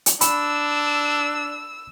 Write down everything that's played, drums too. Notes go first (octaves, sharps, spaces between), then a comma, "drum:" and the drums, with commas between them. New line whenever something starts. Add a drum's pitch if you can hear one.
drum: hi-hat
D4 B5 E6, drum: hi-hat